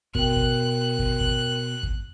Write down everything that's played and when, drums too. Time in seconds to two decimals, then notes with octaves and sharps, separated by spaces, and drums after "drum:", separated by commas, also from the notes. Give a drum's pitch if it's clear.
0.15 B2 A#4 G5 F#6, drum: kick
0.36 drum: kick
0.99 drum: kick
1.20 drum: kick
1.83 drum: kick